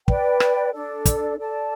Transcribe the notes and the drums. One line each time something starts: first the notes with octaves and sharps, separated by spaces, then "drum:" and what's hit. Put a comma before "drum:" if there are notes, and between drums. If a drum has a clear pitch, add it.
B4 D5 G5, drum: kick
drum: rim click
D4 A4 D5
drum: kick, hi-hat
A4 D5 A5